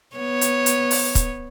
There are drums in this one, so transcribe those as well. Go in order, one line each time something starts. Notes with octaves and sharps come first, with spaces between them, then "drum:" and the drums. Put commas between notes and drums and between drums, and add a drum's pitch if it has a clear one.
B3 C#5
drum: hi-hat
drum: hi-hat
drum: open hi-hat
drum: kick, hi-hat